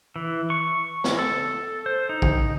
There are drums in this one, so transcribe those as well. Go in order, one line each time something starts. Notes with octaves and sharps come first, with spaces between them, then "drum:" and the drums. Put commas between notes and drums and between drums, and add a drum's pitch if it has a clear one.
E3
C#6
drum: snare
A4
C5
D#4
drum: kick